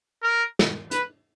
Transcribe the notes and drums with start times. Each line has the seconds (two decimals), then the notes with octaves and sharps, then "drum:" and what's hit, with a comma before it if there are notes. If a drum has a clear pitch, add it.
0.23 A#4
0.59 drum: snare
0.91 B4, drum: hi-hat